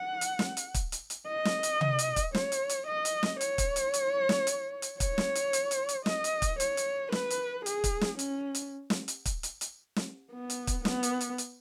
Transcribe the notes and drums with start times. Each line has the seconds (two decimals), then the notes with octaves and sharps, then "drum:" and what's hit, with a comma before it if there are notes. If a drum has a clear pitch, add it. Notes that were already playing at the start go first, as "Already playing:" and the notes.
Already playing: F#5
0.21 drum: hi-hat
0.39 drum: snare
0.57 drum: hi-hat
0.74 drum: kick, hi-hat
0.92 drum: hi-hat
1.10 drum: hi-hat
1.27 D#5
1.45 drum: snare
1.63 drum: hi-hat
1.81 drum: tom C3
1.99 drum: hi-hat
2.16 drum: kick, hi-hat
2.34 C#5, drum: snare
2.52 drum: hi-hat
2.69 drum: hi-hat
2.87 D#5
3.05 drum: hi-hat
3.23 drum: snare
3.41 C#5, drum: hi-hat
3.58 drum: kick, hi-hat
3.76 drum: hi-hat
3.94 drum: hi-hat
4.29 drum: snare
4.47 drum: hi-hat
4.82 drum: hi-hat
5.00 C#5, drum: kick, hi-hat
5.18 drum: snare
5.35 drum: hi-hat
5.53 drum: hi-hat
5.71 drum: hi-hat
5.89 drum: hi-hat
6.06 D#5, drum: snare
6.24 drum: hi-hat
6.42 drum: kick, hi-hat
6.60 C#5, drum: hi-hat
6.77 drum: hi-hat
7.12 B4, drum: snare
7.30 drum: hi-hat
7.66 G#4, drum: hi-hat
7.84 drum: kick, hi-hat
8.01 drum: snare
8.19 C#4, drum: hi-hat
8.55 drum: hi-hat
8.90 drum: snare
9.08 drum: hi-hat
9.25 drum: kick, hi-hat
9.43 drum: hi-hat
9.61 drum: hi-hat
9.96 drum: snare
10.32 B3
10.50 drum: hi-hat
10.67 drum: kick, hi-hat
10.85 B3, drum: snare
11.03 drum: hi-hat
11.21 drum: hi-hat
11.38 drum: hi-hat